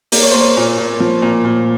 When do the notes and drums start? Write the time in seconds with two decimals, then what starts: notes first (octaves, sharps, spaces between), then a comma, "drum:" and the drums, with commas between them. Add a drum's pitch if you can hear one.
0.12 A#3 D5, drum: open hi-hat
0.23 C#5
0.31 A#3 C5
0.41 C#5
0.57 A#2
0.78 A#2
1.00 F3
1.22 A#2
1.45 A#2